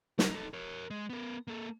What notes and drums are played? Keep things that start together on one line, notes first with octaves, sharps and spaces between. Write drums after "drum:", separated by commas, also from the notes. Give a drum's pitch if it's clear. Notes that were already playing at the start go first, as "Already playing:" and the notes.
A#4, drum: snare
D#4 A4
A#4 C#5
G#3
B3 A#4
A#3 A4